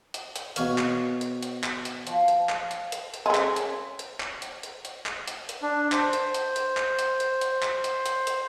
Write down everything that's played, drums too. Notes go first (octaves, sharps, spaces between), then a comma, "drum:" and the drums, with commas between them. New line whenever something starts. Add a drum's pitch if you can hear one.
drum: hi-hat
drum: hi-hat
B2 C#5 F5, drum: hi-hat
drum: clap
drum: hi-hat
drum: hi-hat
drum: clap
drum: hi-hat
F3, drum: hi-hat
drum: hi-hat
drum: clap
drum: hi-hat
drum: hi-hat
drum: hi-hat
G#3 C#4
drum: clap
drum: hi-hat
drum: hi-hat
drum: clap
drum: hi-hat
drum: hi-hat
drum: hi-hat
drum: clap
drum: hi-hat
drum: hi-hat
D4
C5, drum: clap
drum: hi-hat
drum: hi-hat
drum: hi-hat
drum: clap
drum: hi-hat
drum: hi-hat
drum: hi-hat
drum: clap
drum: hi-hat
drum: hi-hat
drum: hi-hat